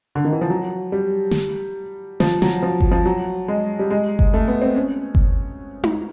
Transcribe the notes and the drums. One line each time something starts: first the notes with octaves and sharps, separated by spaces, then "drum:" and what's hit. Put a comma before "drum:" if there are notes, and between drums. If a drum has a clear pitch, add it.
D3
D#3
E3
F3
F#3
G3
drum: snare
F3, drum: snare
F#3, drum: snare
F3
drum: kick G1
F3
F#3
G#3
G3
G#3
drum: kick G1
A3
B3
C4
C#4
drum: kick G1
drum: tom D#4